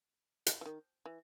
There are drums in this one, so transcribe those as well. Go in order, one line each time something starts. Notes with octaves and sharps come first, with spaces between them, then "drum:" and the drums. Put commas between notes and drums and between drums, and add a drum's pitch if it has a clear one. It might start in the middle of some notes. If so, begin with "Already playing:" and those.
drum: hi-hat
E3
D#3
E3